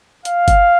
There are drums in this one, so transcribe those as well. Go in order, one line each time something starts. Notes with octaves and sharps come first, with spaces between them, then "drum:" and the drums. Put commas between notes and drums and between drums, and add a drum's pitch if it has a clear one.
F5, drum: hi-hat
drum: kick G1, hi-hat